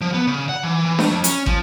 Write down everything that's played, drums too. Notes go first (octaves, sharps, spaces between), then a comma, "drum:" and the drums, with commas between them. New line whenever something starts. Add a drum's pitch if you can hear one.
F3
B3
C#3
F#5
E3
E3
A3, drum: snare D4
F2
C#4, drum: hi-hat
F3, drum: kick